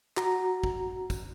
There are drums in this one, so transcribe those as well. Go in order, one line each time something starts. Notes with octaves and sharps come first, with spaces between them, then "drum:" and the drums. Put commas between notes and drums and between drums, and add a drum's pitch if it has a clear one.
F#4 A#5, drum: clap
drum: kick
drum: kick, tambourine